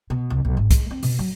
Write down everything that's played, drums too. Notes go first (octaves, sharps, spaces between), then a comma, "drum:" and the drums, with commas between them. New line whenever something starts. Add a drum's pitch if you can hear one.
B2
C2
B1
G#1
G#3, drum: kick B1, hi-hat
C4
B2, drum: open hi-hat
F#3